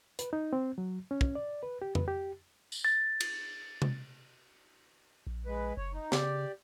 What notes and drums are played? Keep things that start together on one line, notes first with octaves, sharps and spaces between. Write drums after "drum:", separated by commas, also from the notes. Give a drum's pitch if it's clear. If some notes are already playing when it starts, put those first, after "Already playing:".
B4, drum: hi-hat
D#4
C4
F#3
C#4
drum: kick
D5
B4
G4
B4, drum: tom F2
G4
drum: tambourine
A6
drum: cymbal
drum: tom C3
A#1
G#3 B4
F#1 C#5
D#4
C#3 G4 D5, drum: snare